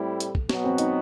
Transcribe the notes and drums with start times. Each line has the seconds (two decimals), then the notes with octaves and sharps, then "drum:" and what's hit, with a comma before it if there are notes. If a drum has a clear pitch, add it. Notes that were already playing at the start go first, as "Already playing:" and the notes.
Already playing: A2 G3 A3 C4 E4
0.20 drum: hi-hat
0.35 drum: kick
0.49 B2 F#3 B3 F#4, drum: snare
0.64 C4
0.78 D#4, drum: hi-hat